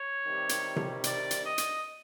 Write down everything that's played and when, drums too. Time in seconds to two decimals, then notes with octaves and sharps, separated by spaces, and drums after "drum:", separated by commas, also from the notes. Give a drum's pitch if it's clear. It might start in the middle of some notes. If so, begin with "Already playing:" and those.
Already playing: C#5
0.23 C3 D#3 G3
0.49 drum: hi-hat
0.76 drum: tom C3
1.04 D5, drum: hi-hat
1.31 drum: hi-hat
1.45 D#5
1.58 drum: hi-hat